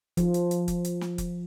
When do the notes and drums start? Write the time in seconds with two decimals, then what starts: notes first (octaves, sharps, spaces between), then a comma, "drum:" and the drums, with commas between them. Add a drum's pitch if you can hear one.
0.17 F3, drum: kick F1, hi-hat
0.34 drum: hi-hat
0.51 drum: hi-hat
0.68 drum: kick F1, hi-hat
0.85 drum: hi-hat
1.01 drum: snare
1.18 drum: kick F1, hi-hat